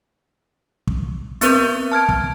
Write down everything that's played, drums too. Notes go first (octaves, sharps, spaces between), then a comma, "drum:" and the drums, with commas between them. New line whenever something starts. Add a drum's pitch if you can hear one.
drum: kick
B3 C4 A#4 B4 G6, drum: hi-hat
A5 F6 G#6 D7
drum: kick